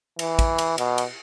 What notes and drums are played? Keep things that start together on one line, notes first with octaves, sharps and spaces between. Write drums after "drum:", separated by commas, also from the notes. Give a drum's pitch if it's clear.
E3, drum: cymbal
drum: kick, cymbal
drum: cymbal
B2, drum: cymbal
drum: cymbal